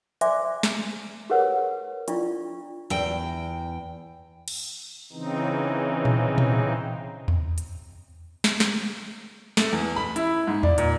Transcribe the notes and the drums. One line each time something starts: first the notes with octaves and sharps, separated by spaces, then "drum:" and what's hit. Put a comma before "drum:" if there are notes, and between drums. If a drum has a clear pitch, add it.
C5 D5 E5 G#5 C6 D6, drum: hi-hat
drum: snare
G4 G#4 A#4 B4 C#5 F#5
D4 E4 F4 D5 C#6, drum: hi-hat
E2 G5
drum: cymbal
C#3 E3 C4 D#4
drum: tom A#2
drum: tom A#2
drum: tom E2
drum: hi-hat
drum: snare
drum: snare
A3, drum: snare
E2
B5
E4, drum: hi-hat
G#2
D5, drum: tom E2
A#2, drum: hi-hat